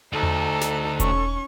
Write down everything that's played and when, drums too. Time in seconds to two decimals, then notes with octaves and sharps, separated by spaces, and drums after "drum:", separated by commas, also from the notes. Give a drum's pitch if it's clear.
0.13 D2 D#4 A4
0.23 drum: tom E2
0.61 drum: snare
1.00 C#4 C#6, drum: kick E1, hi-hat